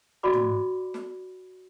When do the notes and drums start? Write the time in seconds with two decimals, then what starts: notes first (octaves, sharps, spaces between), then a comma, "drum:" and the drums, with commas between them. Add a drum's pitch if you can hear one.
0.23 F#4 D5 B5 D6
0.33 drum: tom
0.94 drum: snare